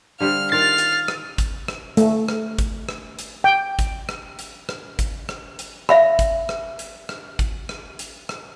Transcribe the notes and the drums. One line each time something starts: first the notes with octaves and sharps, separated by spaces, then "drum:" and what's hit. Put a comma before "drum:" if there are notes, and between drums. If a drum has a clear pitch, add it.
D3 G3 C5 F5 F6
D#3 F4 A#4 A6 C7 F7
drum: hi-hat
drum: rim click
drum: kick, hi-hat
drum: rim click
A3, drum: hi-hat
drum: rim click
drum: kick, hi-hat
drum: rim click
drum: hi-hat
G5
drum: kick, hi-hat
drum: rim click
drum: hi-hat
drum: rim click
drum: kick, hi-hat
drum: rim click
drum: hi-hat
E5 F5 B5, drum: rim click
drum: kick, hi-hat
drum: rim click
drum: hi-hat
drum: rim click
drum: kick, hi-hat
drum: rim click
drum: hi-hat
drum: rim click